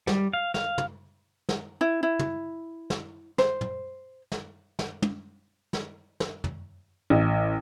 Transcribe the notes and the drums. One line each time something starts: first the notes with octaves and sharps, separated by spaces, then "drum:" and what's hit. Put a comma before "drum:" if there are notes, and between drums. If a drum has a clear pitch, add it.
G3, drum: snare
F5
F5, drum: snare
drum: tom
drum: snare
E4
E4
drum: tom
drum: snare
C5, drum: snare
drum: tom
drum: snare
drum: snare
drum: tom
drum: snare
drum: snare
drum: tom
A1